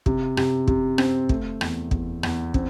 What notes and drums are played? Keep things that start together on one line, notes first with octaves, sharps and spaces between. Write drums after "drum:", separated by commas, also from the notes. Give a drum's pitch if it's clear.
C3, drum: kick
C3, drum: rim click
C3, drum: kick
C4, drum: rim click
A3, drum: kick
E2, drum: rim click
E2, drum: kick
E2, drum: rim click
C4, drum: kick